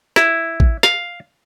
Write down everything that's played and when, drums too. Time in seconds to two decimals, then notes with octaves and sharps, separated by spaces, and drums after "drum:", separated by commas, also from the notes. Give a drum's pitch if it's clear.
0.16 E4, drum: snare
0.60 drum: kick A1
0.83 F5, drum: snare